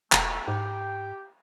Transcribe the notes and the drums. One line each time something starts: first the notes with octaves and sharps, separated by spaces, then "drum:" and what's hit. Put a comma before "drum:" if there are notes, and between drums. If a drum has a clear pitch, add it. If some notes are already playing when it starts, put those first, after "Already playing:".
E1 A3, drum: clap
G#2 G4 G5